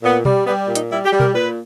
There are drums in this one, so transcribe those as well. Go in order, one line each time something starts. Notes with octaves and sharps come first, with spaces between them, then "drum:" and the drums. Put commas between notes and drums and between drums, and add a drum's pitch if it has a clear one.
A#2 B3
G3, drum: tom B2
G3 B3
A#2
D#4, drum: hi-hat
G3 E4
G4
G3
A#4, drum: tom B2
A#2 B4